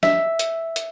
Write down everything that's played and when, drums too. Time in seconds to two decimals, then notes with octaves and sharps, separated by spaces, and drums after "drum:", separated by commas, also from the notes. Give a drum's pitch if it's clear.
0.03 E5, drum: snare
0.39 drum: hi-hat
0.76 drum: hi-hat